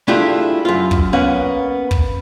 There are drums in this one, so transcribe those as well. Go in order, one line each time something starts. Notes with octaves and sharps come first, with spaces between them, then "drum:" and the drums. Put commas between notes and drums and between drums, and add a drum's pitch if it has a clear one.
A3 D4 E4 F4 G4 G#4
F#2 F4
drum: kick
A#3 B3 C#4 F#5
drum: kick